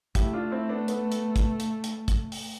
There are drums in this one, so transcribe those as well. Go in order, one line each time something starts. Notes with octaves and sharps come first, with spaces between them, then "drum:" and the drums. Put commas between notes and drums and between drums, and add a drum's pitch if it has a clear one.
A3 E4 G4, drum: kick, hi-hat
D4 F4
C4 E4
B3 D4
B3, drum: hi-hat
drum: hi-hat
drum: kick, hi-hat
drum: hi-hat
drum: hi-hat
drum: kick, hi-hat
drum: open hi-hat